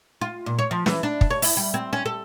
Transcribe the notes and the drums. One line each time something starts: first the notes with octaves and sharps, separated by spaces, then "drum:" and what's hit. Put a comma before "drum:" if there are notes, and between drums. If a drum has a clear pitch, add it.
F4
A#2
C#5
F3
E3, drum: snare
D4
drum: kick
C#5
E4, drum: open hi-hat
G3
C4
C#4
A4